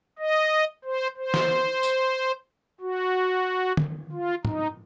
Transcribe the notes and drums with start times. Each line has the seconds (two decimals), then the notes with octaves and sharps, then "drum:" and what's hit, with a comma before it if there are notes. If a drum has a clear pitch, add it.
0.19 D#5
0.85 C5
1.17 C5
1.34 drum: snare
1.83 drum: tambourine
2.81 F#4
3.77 drum: tom D3
4.12 F4
4.45 D#4, drum: tom